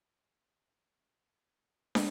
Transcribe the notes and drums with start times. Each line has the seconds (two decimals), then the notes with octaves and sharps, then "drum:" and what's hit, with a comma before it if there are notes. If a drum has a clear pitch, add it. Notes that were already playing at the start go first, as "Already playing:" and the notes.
0.19 D4 F4
0.62 G#3 D#5
1.24 C4
1.50 B2 B3
1.95 drum: snare